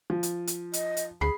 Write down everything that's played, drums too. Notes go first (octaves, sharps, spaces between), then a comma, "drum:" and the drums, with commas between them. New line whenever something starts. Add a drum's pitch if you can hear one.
F3
drum: hi-hat
drum: hi-hat
D#5, drum: hi-hat
drum: hi-hat
D2 G#4 B5 C7